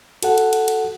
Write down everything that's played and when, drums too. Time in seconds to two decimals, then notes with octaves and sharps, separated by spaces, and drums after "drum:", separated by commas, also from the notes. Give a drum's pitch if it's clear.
0.23 F#4 A4 F#5, drum: cymbal
0.38 drum: cymbal
0.53 drum: cymbal
0.68 drum: cymbal